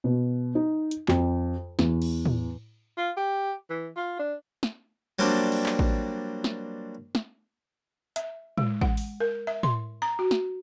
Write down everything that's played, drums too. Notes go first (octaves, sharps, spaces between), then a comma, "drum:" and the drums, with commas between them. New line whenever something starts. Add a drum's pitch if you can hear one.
B2
D#4
drum: hi-hat
F2, drum: clap
E2, drum: snare
drum: cymbal
drum: tom A2
F4
G4
E3
F4
D4
drum: snare
F#3 G3 A#3 C4 D4
drum: cymbal
drum: clap
drum: kick A1
drum: snare
drum: snare
E5, drum: hi-hat
G#3, drum: tom A2
F#5, drum: kick A1
drum: open hi-hat
A#4
E5
C6, drum: tom A2
A#5
F#4
drum: snare